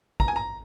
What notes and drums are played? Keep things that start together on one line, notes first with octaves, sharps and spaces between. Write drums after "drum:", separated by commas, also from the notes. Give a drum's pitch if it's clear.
A#5, drum: kick
G#5
A#5